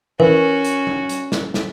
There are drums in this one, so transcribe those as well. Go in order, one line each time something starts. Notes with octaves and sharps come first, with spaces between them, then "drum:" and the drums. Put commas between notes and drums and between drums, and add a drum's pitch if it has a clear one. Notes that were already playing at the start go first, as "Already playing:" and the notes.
E3 C#4 F#4 A#4
drum: hi-hat
drum: tom F#3
drum: hi-hat
drum: snare
drum: snare